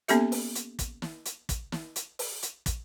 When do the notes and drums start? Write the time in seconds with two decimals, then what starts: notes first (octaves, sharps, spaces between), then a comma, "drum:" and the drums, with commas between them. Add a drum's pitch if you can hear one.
0.08 A#3 B3 C#4 G4 A4 E5, drum: hi-hat
0.32 drum: open hi-hat
0.55 drum: hi-hat
0.79 drum: kick, hi-hat
1.02 drum: snare
1.25 drum: hi-hat
1.49 drum: kick, hi-hat
1.72 drum: snare
1.96 drum: hi-hat
2.19 drum: open hi-hat
2.42 drum: hi-hat
2.66 drum: kick, hi-hat